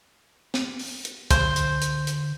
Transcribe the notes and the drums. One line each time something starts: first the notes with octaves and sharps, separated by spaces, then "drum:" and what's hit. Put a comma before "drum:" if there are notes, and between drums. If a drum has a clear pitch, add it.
drum: snare
drum: open hi-hat
drum: hi-hat
D3 C5, drum: kick, hi-hat
drum: hi-hat
drum: hi-hat
drum: hi-hat